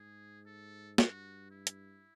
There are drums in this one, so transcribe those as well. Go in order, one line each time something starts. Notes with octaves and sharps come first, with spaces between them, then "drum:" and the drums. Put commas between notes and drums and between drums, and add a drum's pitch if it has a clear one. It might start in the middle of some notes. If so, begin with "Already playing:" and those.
Already playing: G#2 G#4
A4
G2 F#4, drum: snare
E4
drum: hi-hat